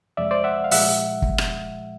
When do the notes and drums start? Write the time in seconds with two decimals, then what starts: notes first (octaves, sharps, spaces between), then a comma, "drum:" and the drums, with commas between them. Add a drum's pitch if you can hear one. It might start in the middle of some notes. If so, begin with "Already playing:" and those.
0.17 F2 C3 F3 G#3 D5 E5
0.31 C5 D5
0.44 E5 F#5
0.64 F5
0.71 A#2 F3 G#3 E5 F#5, drum: open hi-hat
1.22 drum: kick
1.38 drum: rim click